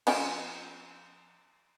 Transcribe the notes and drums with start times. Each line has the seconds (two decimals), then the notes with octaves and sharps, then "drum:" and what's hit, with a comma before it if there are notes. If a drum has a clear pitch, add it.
0.07 F3 C#4 G5, drum: cymbal